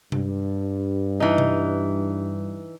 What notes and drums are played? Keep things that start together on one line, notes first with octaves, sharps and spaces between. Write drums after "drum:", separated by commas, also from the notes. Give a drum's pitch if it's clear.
G2, drum: tom C3
E3 D#4
drum: tom C3